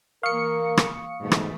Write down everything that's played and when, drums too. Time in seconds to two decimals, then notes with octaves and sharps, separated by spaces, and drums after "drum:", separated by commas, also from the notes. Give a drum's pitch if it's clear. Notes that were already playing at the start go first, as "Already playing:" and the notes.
0.23 E3 A#3 A#4 F5 C#6 D#6 C#7
0.77 drum: rim click
1.21 G#2 B2 E3 A3
1.32 drum: rim click